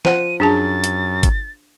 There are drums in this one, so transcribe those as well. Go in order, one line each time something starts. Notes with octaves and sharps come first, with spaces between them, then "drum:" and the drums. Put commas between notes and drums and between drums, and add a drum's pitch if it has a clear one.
F3 C5 F#5 D#7, drum: snare
F#2 D4 G#4 A5 A6
drum: hi-hat
drum: kick, hi-hat